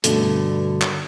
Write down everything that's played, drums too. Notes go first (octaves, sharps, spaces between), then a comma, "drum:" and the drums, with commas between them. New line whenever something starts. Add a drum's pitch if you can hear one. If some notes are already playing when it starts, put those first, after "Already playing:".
G2 B2 D3 A3, drum: hi-hat
drum: clap